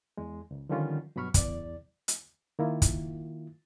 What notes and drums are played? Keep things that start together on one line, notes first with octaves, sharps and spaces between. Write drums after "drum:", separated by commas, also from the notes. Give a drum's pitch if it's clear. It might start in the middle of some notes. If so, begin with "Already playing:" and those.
E2 G#3
C#2
D3 D#3 F3 G3 C#4 F4
G2 B2 F#3 B5 C#6 F6
E2 D5, drum: kick, hi-hat
drum: hi-hat
D#3 A#3 E4 F4
drum: kick, hi-hat